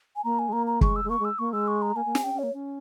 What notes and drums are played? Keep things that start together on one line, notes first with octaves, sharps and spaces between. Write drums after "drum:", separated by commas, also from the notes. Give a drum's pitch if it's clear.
G#5
A#3 A#5
G#5
G#3
A#3 A#5
A#5
G#3 C#6, drum: kick
E6
G#3
A#3 C#6
G#3
E6
A#3 C#6
G#3 E6
C#6
A#5
A#3 G#5
A#3
C4, drum: snare
C#4 G5
C#4
A#3 C#5
C#4